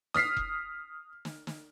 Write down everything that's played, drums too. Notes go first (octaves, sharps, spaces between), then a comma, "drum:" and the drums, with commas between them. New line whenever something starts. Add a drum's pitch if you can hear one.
D#6 F6 B6 C7, drum: snare
drum: kick F1
drum: snare
drum: snare